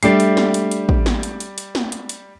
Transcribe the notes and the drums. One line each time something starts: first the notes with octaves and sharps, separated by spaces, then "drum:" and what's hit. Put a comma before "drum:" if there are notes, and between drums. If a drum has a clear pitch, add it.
G3 A3 D4 G4 A4 C7, drum: hi-hat
drum: hi-hat
drum: snare
drum: hi-hat
drum: hi-hat
drum: kick
drum: snare
drum: hi-hat
drum: hi-hat
drum: hi-hat
drum: snare
drum: hi-hat
drum: hi-hat